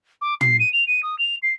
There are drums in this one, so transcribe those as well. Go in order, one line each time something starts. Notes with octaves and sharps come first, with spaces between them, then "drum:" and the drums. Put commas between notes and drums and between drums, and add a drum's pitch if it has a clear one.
D6
C7, drum: tom
D#7
F7
D#7
D#6
F7
C7